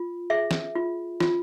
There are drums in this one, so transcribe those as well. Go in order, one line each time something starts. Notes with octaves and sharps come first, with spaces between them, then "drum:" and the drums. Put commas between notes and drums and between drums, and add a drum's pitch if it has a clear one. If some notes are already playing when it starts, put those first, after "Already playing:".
Already playing: F4
G#4 E5
drum: snare
F4
F4, drum: snare